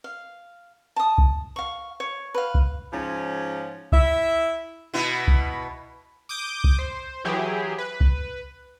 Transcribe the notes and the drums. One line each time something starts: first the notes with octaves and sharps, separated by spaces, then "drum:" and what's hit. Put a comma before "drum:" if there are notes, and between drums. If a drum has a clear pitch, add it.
F5
A5 D#6
drum: kick C2
F5 C#6
C#5
B4 F5
drum: kick C2
G#2 F3 C#4
E4 E5, drum: kick C2
B2 B3 E4
drum: kick C2
D6 D#6 G6
drum: kick C2
C5
E3 F#3 E4 G4 G#4
B4
drum: kick C2